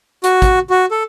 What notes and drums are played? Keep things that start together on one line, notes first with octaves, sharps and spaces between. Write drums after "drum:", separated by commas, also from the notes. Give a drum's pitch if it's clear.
F#4, drum: hi-hat
drum: kick, hi-hat
F#4
A4